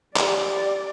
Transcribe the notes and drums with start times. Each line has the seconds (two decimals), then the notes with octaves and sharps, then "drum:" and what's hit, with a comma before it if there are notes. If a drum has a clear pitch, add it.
0.16 G4 D5, drum: clap